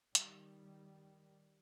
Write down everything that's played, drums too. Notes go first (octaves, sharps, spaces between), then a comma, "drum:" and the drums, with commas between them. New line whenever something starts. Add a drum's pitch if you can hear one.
D#3 G3, drum: hi-hat